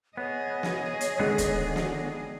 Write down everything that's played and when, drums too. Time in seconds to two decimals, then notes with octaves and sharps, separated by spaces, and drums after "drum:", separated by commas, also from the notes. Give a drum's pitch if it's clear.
0.17 B3 G#4 C#5 D#5
0.63 drum: snare
1.01 drum: hi-hat
1.19 D3 D#3 G#3 B3
1.38 drum: kick, hi-hat
1.76 drum: snare